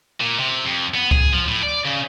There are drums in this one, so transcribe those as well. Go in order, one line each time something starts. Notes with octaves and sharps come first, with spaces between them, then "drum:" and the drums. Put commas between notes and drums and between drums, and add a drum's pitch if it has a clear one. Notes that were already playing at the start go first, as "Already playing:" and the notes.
A#2
C3
F2
B3
G#4, drum: kick C#2
F3
A2
D5
C#3